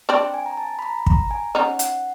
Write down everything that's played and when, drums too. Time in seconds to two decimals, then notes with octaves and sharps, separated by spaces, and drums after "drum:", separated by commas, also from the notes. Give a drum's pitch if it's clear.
0.09 C4 D4 G5
0.34 G#5
0.46 A#5
0.57 A5
0.79 B5
0.82 A#5
1.06 A#5, drum: kick
1.31 G#5
1.55 C#4 D#4 F#5
1.79 F#5, drum: hi-hat